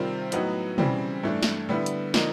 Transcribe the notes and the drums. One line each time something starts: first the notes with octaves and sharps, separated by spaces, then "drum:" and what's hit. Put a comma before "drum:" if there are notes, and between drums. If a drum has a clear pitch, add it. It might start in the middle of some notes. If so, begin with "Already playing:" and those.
Already playing: C3 D#3 G3 C4 F4
A2 F#3 B3 D#4 F#4, drum: hi-hat
C#3 E3 G3 C4, drum: tom
G2 E3 A3 D4
drum: snare
D3 G3 B3 E4
drum: hi-hat
D3 F3 A#3 D#4, drum: snare